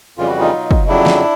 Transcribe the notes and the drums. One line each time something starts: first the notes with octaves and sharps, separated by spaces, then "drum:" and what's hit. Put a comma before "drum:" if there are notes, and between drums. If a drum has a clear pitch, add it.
F2 C#3 E3 G3 F4
F#4
D#4 F4
B2 F#3
drum: kick
F2 C#3 F#3 D4 E4
drum: snare